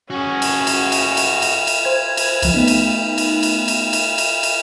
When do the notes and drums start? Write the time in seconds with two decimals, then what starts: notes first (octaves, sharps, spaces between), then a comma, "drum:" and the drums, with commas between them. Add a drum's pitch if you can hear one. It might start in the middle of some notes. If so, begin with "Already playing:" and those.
0.10 C#4 F#4 G#4
0.42 drum: cymbal
0.67 drum: cymbal
0.92 drum: cymbal
1.17 drum: cymbal
1.42 drum: cymbal
1.67 drum: cymbal
1.85 C5 G#6
2.17 drum: cymbal
2.42 C#2 F3, drum: cymbal
2.54 A3 B3 D#4
2.68 drum: cymbal
3.18 drum: cymbal
3.43 drum: cymbal
3.68 drum: cymbal
3.93 drum: cymbal
4.18 drum: cymbal
4.43 drum: cymbal